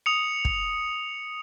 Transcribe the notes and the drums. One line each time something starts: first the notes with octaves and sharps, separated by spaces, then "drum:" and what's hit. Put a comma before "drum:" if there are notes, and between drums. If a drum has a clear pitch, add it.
D#6 C#7 F7
drum: kick